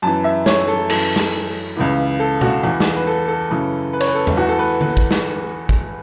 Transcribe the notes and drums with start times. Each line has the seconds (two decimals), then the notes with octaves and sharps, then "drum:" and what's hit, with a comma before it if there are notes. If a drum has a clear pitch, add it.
0.02 F#2 E3 A5
0.24 E5
0.46 C#5, drum: snare
0.68 A4
0.90 F#2 E3 A4, drum: cymbal
1.16 drum: snare
1.77 C#2 C#3 E3
2.20 A4
2.41 F#4, drum: tom B2
2.64 E2 E3
2.80 drum: snare
2.96 B4
3.07 A4
3.28 A4
3.50 F#2 C#3 E3
3.93 B4
4.00 C#5, drum: cymbal
4.08 B4
4.15 A4
4.27 A4, drum: tom E2
4.37 E2 E3 F#4
4.49 A4
4.59 B4
4.81 B4, drum: tom D3
4.97 drum: kick
5.11 drum: snare
5.69 drum: kick